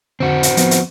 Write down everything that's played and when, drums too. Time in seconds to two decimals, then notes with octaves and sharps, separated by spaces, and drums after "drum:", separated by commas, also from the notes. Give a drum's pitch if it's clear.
0.20 F2 D3 C4 F#4
0.43 drum: hi-hat
0.57 F3 B3, drum: hi-hat
0.71 drum: hi-hat